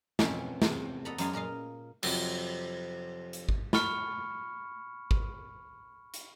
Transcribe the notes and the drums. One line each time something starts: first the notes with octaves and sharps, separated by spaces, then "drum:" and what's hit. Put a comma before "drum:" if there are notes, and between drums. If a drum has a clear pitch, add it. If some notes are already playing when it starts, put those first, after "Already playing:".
F2 B2 E3 C4 C#4 E5, drum: snare
E2 C3, drum: snare
A4 D#5 F#5 A#5 B5
F#2 F#3 G#3 B3 F5 G#5, drum: hi-hat
A#2 A#4 D#5 F5
F2 C3 F#3, drum: cymbal
drum: hi-hat
drum: kick G#1
B5 C#6 F6 C#7, drum: snare
drum: kick G#1
drum: hi-hat